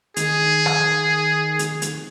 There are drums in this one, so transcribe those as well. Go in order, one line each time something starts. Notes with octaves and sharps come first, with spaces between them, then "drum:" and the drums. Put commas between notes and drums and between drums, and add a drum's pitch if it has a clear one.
D#3 G#4, drum: hi-hat
drum: rim click
drum: hi-hat
drum: hi-hat